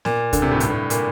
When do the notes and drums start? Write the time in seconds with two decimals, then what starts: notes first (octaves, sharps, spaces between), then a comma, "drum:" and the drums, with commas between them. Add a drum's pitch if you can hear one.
0.05 A#2, drum: snare B3
0.33 D3, drum: kick D2, hi-hat
0.42 C3
0.51 A2
0.60 G2, drum: hi-hat
0.70 A2
0.90 A#2, drum: hi-hat